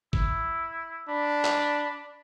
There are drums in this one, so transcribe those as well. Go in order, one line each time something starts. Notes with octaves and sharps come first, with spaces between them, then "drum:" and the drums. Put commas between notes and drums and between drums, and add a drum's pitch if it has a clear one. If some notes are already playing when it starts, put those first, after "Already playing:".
E4, drum: kick
D4 B5
drum: clap